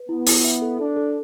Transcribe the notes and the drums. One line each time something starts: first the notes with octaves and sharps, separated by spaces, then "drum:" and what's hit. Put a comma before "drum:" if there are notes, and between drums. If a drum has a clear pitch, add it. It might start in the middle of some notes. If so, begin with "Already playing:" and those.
Already playing: B4
B3 E4
E4, drum: open hi-hat
E5
A4
D4 A4
A4